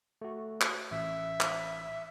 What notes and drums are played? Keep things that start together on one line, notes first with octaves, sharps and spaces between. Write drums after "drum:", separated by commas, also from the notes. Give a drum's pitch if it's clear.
A3 F#4
drum: clap
A1 E5
drum: clap